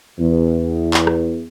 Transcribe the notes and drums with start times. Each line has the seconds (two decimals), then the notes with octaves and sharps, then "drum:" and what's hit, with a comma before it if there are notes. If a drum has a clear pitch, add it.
0.18 E2
0.94 drum: clap
1.07 drum: rim click